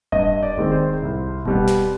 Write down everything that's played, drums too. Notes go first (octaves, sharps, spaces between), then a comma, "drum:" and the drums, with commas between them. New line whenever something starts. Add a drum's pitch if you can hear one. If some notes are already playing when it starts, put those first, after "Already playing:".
G2 D#5, drum: kick D#1
D5
D#3 G#3 C4, drum: kick D#1
C5
C2
B2 G3 B3, drum: kick D#1
drum: snare